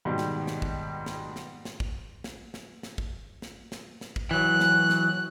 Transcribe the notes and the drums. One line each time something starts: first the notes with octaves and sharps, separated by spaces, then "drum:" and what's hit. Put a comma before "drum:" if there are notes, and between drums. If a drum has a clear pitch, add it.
G#2 B2 D#3 G3
drum: snare
drum: snare
drum: kick
drum: snare
drum: snare
drum: snare
drum: kick
drum: snare
drum: snare
drum: snare
drum: kick
drum: snare
drum: snare
drum: snare
drum: kick
E3 F#3 F#6
drum: snare
drum: snare